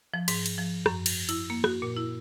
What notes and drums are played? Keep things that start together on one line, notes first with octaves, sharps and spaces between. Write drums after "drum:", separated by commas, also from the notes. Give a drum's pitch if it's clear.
F3
G#2, drum: cymbal
drum: cymbal
F3
F#2, drum: rim click
drum: cymbal
E4, drum: cymbal
A#3
F#4, drum: rim click
A#2
E4